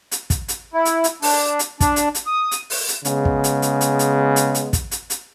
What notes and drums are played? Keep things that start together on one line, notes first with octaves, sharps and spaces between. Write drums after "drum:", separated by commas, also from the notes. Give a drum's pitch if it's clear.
drum: hi-hat
drum: kick, hi-hat
drum: hi-hat
E4
drum: hi-hat
drum: hi-hat
D4, drum: open hi-hat
drum: hi-hat
D4, drum: kick, hi-hat
drum: hi-hat
drum: hi-hat
D#6
drum: hi-hat
drum: open hi-hat
drum: hi-hat
C#3 G#3 B3, drum: hi-hat
drum: kick
drum: hi-hat
drum: hi-hat
drum: hi-hat
drum: hi-hat
drum: hi-hat
drum: hi-hat
drum: kick, hi-hat
drum: hi-hat
drum: hi-hat